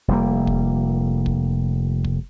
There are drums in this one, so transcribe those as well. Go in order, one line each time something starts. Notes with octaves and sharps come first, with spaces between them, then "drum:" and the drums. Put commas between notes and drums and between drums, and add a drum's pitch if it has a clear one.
F1 G3 A#3
drum: kick
drum: kick
drum: kick